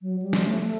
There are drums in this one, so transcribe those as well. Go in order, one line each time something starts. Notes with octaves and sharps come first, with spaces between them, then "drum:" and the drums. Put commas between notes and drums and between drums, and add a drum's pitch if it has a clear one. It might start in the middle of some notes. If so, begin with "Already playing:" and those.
F#3
G3
drum: snare
A3
A3